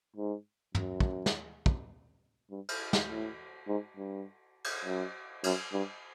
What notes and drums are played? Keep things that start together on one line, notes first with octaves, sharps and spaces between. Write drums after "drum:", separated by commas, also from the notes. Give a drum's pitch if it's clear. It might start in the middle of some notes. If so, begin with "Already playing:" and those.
G#2
F#2, drum: tom
drum: kick
drum: snare
drum: kick
G2
drum: cymbal
drum: snare
A2
G#2
G2
drum: cymbal
F#2
F#2, drum: cymbal
G2